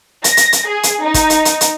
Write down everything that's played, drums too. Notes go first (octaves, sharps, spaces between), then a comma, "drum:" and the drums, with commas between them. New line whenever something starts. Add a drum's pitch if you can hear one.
A#6, drum: hi-hat
drum: hi-hat
drum: hi-hat
G#4
drum: hi-hat
D#4
drum: kick, hi-hat
drum: hi-hat
drum: hi-hat
drum: hi-hat